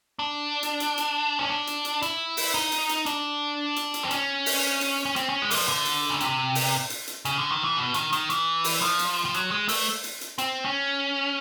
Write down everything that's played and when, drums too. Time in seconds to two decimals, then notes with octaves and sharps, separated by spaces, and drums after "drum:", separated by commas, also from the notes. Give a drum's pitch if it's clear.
0.19 D4
0.63 drum: hi-hat
0.80 drum: hi-hat
0.98 drum: hi-hat
1.39 C#4
1.50 D4
1.67 drum: hi-hat
1.85 drum: hi-hat
2.02 E4, drum: hi-hat
2.37 drum: open hi-hat
2.54 D#4
2.72 drum: hi-hat
2.89 drum: hi-hat
3.06 D4, drum: hi-hat
3.76 drum: hi-hat
3.94 drum: hi-hat
4.04 C4
4.11 C#4, drum: hi-hat
4.46 drum: open hi-hat
4.81 drum: hi-hat
5.06 C#4
5.16 C4, drum: hi-hat
5.29 C#4
5.42 G#3
5.51 E3, drum: open hi-hat
5.55 F3
5.68 D3
5.86 drum: hi-hat
6.10 C#3
6.20 C3, drum: hi-hat
6.55 drum: open hi-hat
6.90 drum: hi-hat
7.08 drum: hi-hat
7.25 C#3, drum: hi-hat
7.38 D3
7.51 D#3
7.64 E3
7.77 B2
7.94 D#3, drum: hi-hat
8.13 D#3, drum: hi-hat
8.30 E3, drum: hi-hat
8.64 drum: open hi-hat
8.81 F3
8.99 drum: hi-hat
9.25 F3
9.34 F#3, drum: hi-hat
9.51 G#3
9.68 A3, drum: open hi-hat
10.04 drum: hi-hat
10.21 drum: hi-hat
10.38 C4, drum: hi-hat
10.65 C#4